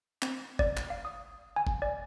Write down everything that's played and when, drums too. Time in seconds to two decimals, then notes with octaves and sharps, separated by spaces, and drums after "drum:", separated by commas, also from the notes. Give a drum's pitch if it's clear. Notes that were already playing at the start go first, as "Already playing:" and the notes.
0.22 C4, drum: clap
0.59 D5, drum: kick F#1
0.77 drum: clap
0.90 F5
1.05 D#6
1.56 G#5
1.67 drum: kick F#1
1.82 D5